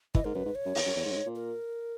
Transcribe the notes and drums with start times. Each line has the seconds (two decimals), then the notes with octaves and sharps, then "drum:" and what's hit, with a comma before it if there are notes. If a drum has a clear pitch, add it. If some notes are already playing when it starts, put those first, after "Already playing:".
0.15 E3 D#5, drum: kick
0.25 G#2 A#4
0.35 F#2 B4
0.45 G#2
0.55 C#5
0.65 F#2
0.75 E2, drum: open hi-hat
0.85 F#2
0.96 E2
1.05 G#2
1.11 F#2
1.16 G#2
1.26 A#2
1.35 A#4